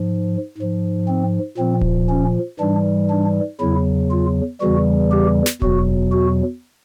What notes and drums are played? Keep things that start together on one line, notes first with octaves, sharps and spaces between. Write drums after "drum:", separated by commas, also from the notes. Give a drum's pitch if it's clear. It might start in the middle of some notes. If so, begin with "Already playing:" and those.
Already playing: G#2 F3
G#2 F3
C4
A#2 F3 C4
drum: kick D1
C#4
G#2 E3 G3 D4
D4
E2 C#3 F#3 E4
F4
E2 C#3 E3 G3 F#4
G4
drum: snare
E2 B2 F#3 F#4, drum: kick D1
F#4